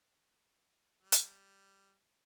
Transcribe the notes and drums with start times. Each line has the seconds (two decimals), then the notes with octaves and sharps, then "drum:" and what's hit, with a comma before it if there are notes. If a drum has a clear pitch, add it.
1.02 G3
1.12 drum: hi-hat